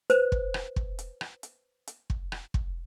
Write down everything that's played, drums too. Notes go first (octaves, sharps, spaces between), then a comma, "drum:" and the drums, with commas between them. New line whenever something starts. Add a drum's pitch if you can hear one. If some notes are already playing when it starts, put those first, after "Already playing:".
B4 C5, drum: hi-hat
drum: kick
drum: rim click
drum: kick
drum: hi-hat
drum: rim click
drum: hi-hat
drum: hi-hat
drum: kick
drum: rim click
drum: kick